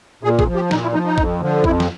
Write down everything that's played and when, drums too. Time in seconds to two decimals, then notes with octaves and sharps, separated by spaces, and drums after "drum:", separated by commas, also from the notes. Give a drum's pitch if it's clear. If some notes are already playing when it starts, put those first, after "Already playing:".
0.23 A#2 G#4
0.39 G#4, drum: kick
0.47 F3
0.55 G4
0.71 A#2 D#4, drum: snare
0.82 E4
0.94 F3 D#4
1.06 D#4
1.18 F2, drum: kick
1.41 D3 F3
1.64 F2 E4, drum: kick
1.80 drum: snare